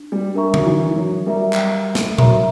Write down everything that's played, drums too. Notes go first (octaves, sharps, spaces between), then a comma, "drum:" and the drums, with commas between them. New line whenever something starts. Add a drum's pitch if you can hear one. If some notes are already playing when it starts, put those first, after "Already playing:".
Already playing: D4
G3
D4 A#4 E5 A#5 C#6
F#3, drum: tom D3
E3
F#3
G3 A#4 E5 A#5
drum: clap
drum: snare
F#3 A#4 E5 A#5, drum: tom A#2